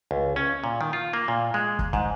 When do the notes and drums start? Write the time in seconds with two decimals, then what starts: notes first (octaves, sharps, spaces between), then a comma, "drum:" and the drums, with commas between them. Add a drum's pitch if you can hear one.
0.11 C#2
0.36 C#4
0.64 A#2
0.81 D#3
0.93 F4
1.13 A#3
1.28 A#2
1.54 G#3
1.79 drum: kick
1.93 G#2, drum: kick